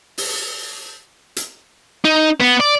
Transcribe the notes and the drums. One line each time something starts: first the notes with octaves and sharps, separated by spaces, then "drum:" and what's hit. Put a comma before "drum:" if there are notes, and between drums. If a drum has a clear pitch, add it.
drum: open hi-hat
drum: hi-hat
D#4
B3
D5